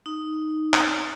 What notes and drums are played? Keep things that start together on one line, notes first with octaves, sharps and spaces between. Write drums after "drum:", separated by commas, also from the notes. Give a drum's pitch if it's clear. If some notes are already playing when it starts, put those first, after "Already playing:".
D#4
C#5, drum: clap